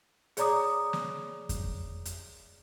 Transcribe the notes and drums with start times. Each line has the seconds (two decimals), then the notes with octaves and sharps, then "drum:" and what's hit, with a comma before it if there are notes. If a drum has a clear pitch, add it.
0.37 G#4 C#5 D5 A#5 D6 D#6, drum: hi-hat
0.93 drum: snare
1.49 drum: kick F2, hi-hat
2.05 drum: hi-hat